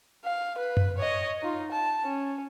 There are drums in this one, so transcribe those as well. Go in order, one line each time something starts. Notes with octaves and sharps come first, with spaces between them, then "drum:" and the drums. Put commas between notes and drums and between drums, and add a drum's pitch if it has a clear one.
F5
B4
drum: tom F#2
C#5 D#5
D#4 F4
A5
C#4